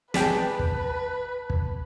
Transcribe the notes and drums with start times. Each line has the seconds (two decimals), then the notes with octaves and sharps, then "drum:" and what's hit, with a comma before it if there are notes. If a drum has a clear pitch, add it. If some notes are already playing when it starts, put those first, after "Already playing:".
0.14 G#4 B4 D5 G5 A5 B6, drum: snare
0.59 drum: kick
1.50 drum: kick